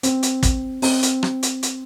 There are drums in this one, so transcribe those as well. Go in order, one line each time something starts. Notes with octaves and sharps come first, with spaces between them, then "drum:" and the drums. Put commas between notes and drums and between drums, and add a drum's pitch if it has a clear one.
C4, drum: hi-hat
drum: hi-hat
drum: kick, hi-hat
C4, drum: open hi-hat
drum: hi-hat
drum: rim click
drum: hi-hat
drum: hi-hat